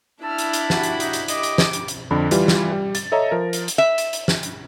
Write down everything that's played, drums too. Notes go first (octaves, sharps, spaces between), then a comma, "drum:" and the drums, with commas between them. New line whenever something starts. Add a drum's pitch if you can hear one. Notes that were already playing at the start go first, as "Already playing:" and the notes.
D4 E4 A5 B5 E6 F6
drum: hi-hat
drum: hi-hat
F#4 G4, drum: snare
drum: hi-hat
D#4, drum: hi-hat
drum: hi-hat
G4 D#5 D6, drum: hi-hat
drum: hi-hat
drum: snare
drum: hi-hat
drum: hi-hat
F2 D3 B5
E3 G3 F4, drum: hi-hat
drum: snare
G3
A6, drum: hi-hat
A4 C#5 D#5 E5 A#5
F3 A#4
drum: hi-hat
drum: hi-hat
E5
drum: hi-hat
drum: hi-hat
drum: snare
drum: hi-hat